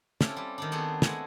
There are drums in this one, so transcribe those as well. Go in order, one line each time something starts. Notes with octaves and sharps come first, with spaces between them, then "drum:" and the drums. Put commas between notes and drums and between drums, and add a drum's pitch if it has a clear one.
C4 C#4 E4 F4 G4 A4, drum: snare
G3 G4
D#3 C4 D4
B3 C4 F#4 G#4 A4
G#3 A3 E4 F#5 G#5, drum: snare